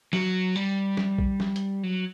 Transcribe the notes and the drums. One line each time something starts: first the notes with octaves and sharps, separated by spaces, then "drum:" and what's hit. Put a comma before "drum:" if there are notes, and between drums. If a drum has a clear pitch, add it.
F#3, drum: snare
G3
drum: snare
drum: kick A#1
drum: snare
drum: hi-hat
F#3